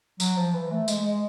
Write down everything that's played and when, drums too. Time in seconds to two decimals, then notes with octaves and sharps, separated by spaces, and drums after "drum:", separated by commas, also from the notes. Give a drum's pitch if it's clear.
0.20 F#3, drum: tambourine
0.36 F3
0.54 E3
0.71 A3
0.88 G#3, drum: tambourine
1.05 G#3